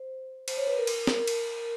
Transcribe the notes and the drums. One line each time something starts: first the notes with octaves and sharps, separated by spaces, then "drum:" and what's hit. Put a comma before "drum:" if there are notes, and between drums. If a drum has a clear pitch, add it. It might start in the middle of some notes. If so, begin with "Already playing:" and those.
Already playing: C5
C5, drum: cymbal
C#5
B4
A#4
drum: cymbal
drum: snare
drum: cymbal